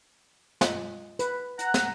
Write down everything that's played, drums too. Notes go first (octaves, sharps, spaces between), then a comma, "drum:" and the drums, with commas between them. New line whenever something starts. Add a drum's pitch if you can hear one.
F4 D#5, drum: snare
B4, drum: hi-hat
F#5 A#5, drum: hi-hat
drum: snare